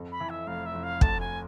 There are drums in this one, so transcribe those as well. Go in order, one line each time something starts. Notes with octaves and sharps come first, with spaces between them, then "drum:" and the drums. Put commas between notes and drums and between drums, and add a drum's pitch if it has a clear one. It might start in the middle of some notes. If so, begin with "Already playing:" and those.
Already playing: F2
B5
E3
E5
F1 F5
E5
F1
F5
D2 A5, drum: kick
G#5